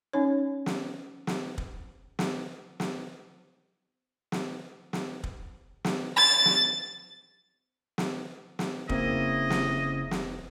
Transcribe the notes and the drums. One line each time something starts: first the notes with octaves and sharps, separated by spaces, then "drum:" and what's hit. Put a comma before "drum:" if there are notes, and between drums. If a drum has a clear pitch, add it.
C#4 D#4 C#5
drum: snare
drum: snare
drum: kick
drum: snare
drum: snare
drum: snare
drum: snare
drum: kick
drum: snare
A6
drum: snare
drum: snare
drum: snare
F1 C#3 A#3 C4 E4 D#5 E5, drum: kick
drum: snare
drum: snare